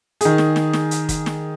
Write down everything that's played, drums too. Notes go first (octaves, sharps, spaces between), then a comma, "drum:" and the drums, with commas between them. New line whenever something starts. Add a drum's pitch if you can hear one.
D#3 G#4, drum: hi-hat
drum: snare
drum: snare
drum: snare
drum: hi-hat
drum: kick, hi-hat
drum: snare